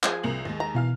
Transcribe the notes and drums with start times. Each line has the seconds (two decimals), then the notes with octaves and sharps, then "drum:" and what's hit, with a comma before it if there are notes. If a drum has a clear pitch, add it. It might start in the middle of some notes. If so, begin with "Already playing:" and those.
0.03 F3 G#4 G#5, drum: clap
0.23 C2 A#4 F#7
0.45 D#2 G#3
0.60 A#5
0.75 B2 E3 F5 F6